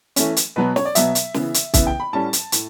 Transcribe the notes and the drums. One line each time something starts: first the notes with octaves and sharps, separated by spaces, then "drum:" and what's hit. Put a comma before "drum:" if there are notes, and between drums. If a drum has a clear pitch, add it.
E3 A3 C#4, drum: hi-hat
drum: hi-hat
B2 F#3 B3 B4
C#5, drum: snare
D5
B2 F#3 B3 E5, drum: hi-hat
drum: hi-hat
C#3 E3 B3, drum: snare
drum: hi-hat
C#3 E3 B3 E5, drum: kick, hi-hat
G5
B5
A2 G3 C#4 A5
drum: hi-hat
A2, drum: hi-hat